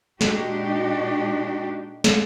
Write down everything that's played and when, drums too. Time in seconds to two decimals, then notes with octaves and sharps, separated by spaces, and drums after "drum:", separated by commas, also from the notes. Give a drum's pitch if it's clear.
0.21 A#2 G#3 D4 D#4 F#4 G4, drum: snare
2.04 drum: snare